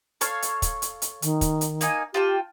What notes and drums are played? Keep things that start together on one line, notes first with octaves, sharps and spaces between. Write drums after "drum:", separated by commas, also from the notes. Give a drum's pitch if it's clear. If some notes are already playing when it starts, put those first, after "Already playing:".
A4 C#5 F5, drum: hi-hat
drum: hi-hat
drum: kick, hi-hat
drum: hi-hat
drum: hi-hat
D#3, drum: hi-hat
drum: kick, hi-hat
drum: hi-hat
A#3 D#4 G#5, drum: hi-hat
F4 G4 G5 A5